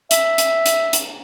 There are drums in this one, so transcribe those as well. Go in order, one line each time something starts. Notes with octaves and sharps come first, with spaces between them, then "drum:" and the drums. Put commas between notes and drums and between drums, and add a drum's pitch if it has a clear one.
E5, drum: hi-hat
drum: hi-hat
drum: hi-hat
drum: hi-hat